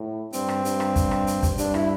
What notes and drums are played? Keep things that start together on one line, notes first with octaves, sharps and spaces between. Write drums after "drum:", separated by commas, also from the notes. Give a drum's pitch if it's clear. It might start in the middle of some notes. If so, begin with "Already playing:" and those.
Already playing: A2
G2 C4, drum: hi-hat
drum: rim click
G2, drum: hi-hat
drum: rim click
drum: kick, hi-hat
drum: rim click
drum: hi-hat
drum: kick, hi-hat
G2 D4, drum: hi-hat
E4, drum: rim click